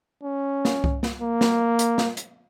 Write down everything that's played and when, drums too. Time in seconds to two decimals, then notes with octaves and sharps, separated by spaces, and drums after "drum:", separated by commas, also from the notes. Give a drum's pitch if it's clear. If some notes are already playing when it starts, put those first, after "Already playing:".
0.24 C#4
0.65 drum: snare
0.84 drum: kick C2
1.03 drum: snare
1.22 A#3
1.41 drum: snare
1.79 drum: hi-hat
1.98 drum: snare
2.17 drum: hi-hat